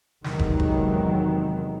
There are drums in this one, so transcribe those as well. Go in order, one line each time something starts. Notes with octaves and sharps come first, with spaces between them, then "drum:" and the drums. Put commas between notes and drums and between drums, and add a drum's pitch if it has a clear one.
E2 C3 D#3 F#3 G#3 B3, drum: snare
drum: kick
drum: kick